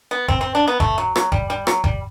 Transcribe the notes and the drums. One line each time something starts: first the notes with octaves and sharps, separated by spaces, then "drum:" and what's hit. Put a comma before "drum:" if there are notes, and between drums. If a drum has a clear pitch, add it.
B3
C4, drum: kick F1
C4
D4
B3
A3, drum: kick F1
F#3
F#3, drum: rim click
G3, drum: kick F1
G3
F#3, drum: rim click
G3, drum: kick F1